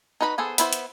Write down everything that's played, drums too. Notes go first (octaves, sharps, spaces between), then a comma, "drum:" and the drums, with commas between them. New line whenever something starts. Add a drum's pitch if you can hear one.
D#4 F#4 B4 C5 B5
B3 G#4 A4 C5
B3 E4 C5, drum: hi-hat
drum: hi-hat